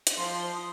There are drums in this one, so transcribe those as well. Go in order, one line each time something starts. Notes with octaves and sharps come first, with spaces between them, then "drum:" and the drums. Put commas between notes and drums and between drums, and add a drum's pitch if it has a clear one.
drum: hi-hat
F3 C6
D#6